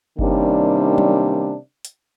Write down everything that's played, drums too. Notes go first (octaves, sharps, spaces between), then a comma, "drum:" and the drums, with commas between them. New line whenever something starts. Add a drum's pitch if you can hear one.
C3 D#3 G3 A#3 C#4 D4, drum: kick G1
drum: tom F#3
drum: hi-hat